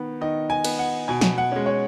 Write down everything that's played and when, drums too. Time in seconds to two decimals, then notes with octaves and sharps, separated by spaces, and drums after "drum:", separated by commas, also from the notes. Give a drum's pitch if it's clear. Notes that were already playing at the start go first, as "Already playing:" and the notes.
Already playing: D#3 B3
0.21 D#3 D#5
0.50 G#5
0.65 B3, drum: cymbal
0.79 F#5
1.08 B2 G#5
1.21 drum: snare
1.38 F#5
1.52 G#3 C#4
1.66 C#5